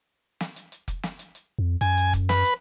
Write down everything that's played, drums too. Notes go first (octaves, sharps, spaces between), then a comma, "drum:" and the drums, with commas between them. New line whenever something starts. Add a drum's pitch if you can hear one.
drum: snare
drum: hi-hat
drum: hi-hat
drum: kick F1, hi-hat
drum: snare
drum: hi-hat
drum: hi-hat
F2
F#2 G#5, drum: hi-hat
drum: hi-hat
drum: kick F1, hi-hat
B4, drum: snare
drum: hi-hat